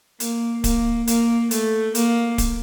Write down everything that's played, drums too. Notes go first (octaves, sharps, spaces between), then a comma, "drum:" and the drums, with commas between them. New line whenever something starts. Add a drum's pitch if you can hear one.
A#3, drum: hi-hat
A#3, drum: kick D1, hi-hat
A#3, drum: hi-hat
A3, drum: hi-hat
A#3, drum: hi-hat
drum: kick D1, hi-hat